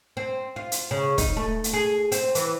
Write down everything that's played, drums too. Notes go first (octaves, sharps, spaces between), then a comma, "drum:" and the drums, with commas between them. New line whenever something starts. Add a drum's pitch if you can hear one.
C4
F4
drum: hi-hat
C#3
D#4, drum: kick, hi-hat
A3
drum: hi-hat
G#4
C4, drum: hi-hat
E3, drum: hi-hat